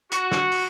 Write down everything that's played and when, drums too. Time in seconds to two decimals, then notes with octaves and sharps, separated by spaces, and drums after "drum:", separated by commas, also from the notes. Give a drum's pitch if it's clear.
0.12 F#4, drum: hi-hat
0.31 drum: snare
0.51 drum: open hi-hat